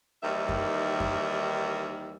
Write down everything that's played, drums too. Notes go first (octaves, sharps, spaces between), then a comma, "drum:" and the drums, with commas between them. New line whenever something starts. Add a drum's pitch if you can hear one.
D#2 D#3 E3 G3 E5
drum: kick F#2
drum: kick F#2